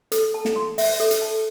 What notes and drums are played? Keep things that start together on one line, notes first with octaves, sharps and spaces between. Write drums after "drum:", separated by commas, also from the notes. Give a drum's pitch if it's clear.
A4, drum: hi-hat
A5
drum: snare
C6
E5, drum: open hi-hat
A4
drum: hi-hat
A5